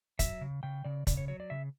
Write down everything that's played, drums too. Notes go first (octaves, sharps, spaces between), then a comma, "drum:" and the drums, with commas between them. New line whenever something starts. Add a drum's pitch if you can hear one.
F#3 E5, drum: kick, hi-hat
C#3
C#3 G5
C#3 D5
C#3 D5, drum: kick, hi-hat
C#5
F#3 C#5
D5
C#3 E5